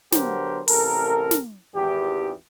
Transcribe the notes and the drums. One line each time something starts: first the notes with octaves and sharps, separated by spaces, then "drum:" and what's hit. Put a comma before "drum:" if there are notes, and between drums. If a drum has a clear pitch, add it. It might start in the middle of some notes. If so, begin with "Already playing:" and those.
D3 F#3 B3 G4 A#4 C5, drum: snare
A1 C3 A4 A#4, drum: open hi-hat
drum: snare
G#1 E2 G4